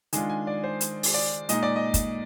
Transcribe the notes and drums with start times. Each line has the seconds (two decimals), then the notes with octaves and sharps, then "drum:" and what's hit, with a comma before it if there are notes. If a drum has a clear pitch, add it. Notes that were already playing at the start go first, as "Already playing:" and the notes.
0.13 D#3 G#3 D4 F4 G#5, drum: hi-hat
0.30 G#5
0.47 D5
0.64 C5
0.81 drum: hi-hat
1.03 drum: open hi-hat
1.14 D5
1.49 A#2 G#3 D#4 D#5, drum: hi-hat
1.63 D5
1.76 D#5
1.94 drum: kick, hi-hat